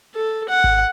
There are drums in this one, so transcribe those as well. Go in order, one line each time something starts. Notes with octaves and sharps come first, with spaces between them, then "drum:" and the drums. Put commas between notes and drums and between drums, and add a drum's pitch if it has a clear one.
A4
F#5
drum: kick G#1